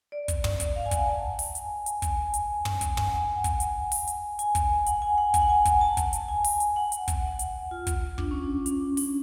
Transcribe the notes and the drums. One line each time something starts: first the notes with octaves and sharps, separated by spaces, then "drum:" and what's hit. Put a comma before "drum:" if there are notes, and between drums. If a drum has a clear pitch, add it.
D5
drum: kick, hi-hat
drum: tom
drum: kick, hi-hat
F5
G#5
F#5, drum: kick, hi-hat
A5
drum: open hi-hat
G#5, drum: hi-hat
drum: hi-hat
G#5, drum: kick, hi-hat
A5
G#5
drum: hi-hat
drum: tom
drum: kick, hi-hat
G#5, drum: tom
F#5
G#5
drum: kick, hi-hat
drum: hi-hat
drum: open hi-hat
drum: hi-hat
G#5, drum: hi-hat
drum: kick, hi-hat
F#5, drum: hi-hat
G#5
F#5
G#5, drum: kick, hi-hat
F#5
G#5
drum: kick, hi-hat
A5
drum: kick, hi-hat
drum: hi-hat
G#5
drum: open hi-hat
drum: hi-hat
F#5
drum: hi-hat
drum: kick, hi-hat
drum: hi-hat
F4
drum: kick, hi-hat
D4, drum: kick
C#4
D4
C#4, drum: hi-hat
D4
D4, drum: open hi-hat